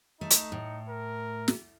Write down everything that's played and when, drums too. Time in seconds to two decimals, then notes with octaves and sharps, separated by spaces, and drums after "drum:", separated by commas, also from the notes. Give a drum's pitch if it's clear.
0.21 A3 D#4
0.30 drum: hi-hat
0.52 A2
0.89 A#4
1.48 drum: snare